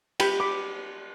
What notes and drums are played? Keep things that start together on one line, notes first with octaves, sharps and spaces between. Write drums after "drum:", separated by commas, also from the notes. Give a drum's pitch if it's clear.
G4 G5 B5, drum: cymbal
B5 D6